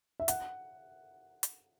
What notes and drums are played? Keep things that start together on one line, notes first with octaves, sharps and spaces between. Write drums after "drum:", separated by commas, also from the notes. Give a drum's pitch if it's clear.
E5
F#5, drum: hi-hat
drum: hi-hat